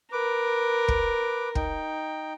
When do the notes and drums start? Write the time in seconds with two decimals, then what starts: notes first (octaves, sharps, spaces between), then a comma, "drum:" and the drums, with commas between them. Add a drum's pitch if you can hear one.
0.12 A#4 B4 D6
0.88 drum: kick
1.55 D#4 G5, drum: kick